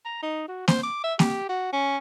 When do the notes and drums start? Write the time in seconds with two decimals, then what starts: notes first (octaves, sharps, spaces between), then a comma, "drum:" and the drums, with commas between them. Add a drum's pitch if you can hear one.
0.05 A#5
0.23 D#4
0.48 F#4
0.68 C5, drum: snare A#3
0.83 D6
1.04 E5
1.19 G4, drum: snare A#3
1.49 F#4
1.73 C#4